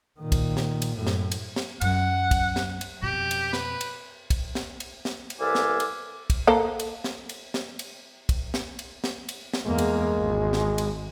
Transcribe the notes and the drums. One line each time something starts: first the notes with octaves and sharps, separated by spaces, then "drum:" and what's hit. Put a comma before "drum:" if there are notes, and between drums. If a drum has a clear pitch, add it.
A#2 D#3
drum: kick, cymbal
drum: snare
drum: cymbal
F#2 A2
drum: snare
drum: cymbal
drum: snare
F#2 F#3 F#5, drum: cymbal
drum: kick, cymbal
drum: snare
drum: cymbal
F2 B2 G4
drum: cymbal
B4, drum: snare
drum: cymbal
drum: kick, cymbal
drum: snare
drum: cymbal
drum: snare
drum: cymbal
C2 A4 B4 F5 G#5 D6
drum: snare
drum: cymbal
drum: kick, cymbal
A#3 A4 C5
drum: cymbal
drum: snare
drum: cymbal
drum: snare
drum: cymbal
drum: kick, cymbal
drum: snare
drum: cymbal
drum: snare
drum: cymbal
drum: snare
E2 G#3 A#3
drum: cymbal
G#1
drum: snare
drum: cymbal